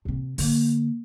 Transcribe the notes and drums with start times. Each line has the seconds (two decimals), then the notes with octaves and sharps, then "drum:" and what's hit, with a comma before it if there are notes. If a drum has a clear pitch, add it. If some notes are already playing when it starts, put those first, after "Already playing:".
0.05 C3 C4
0.38 D3 A#3, drum: open hi-hat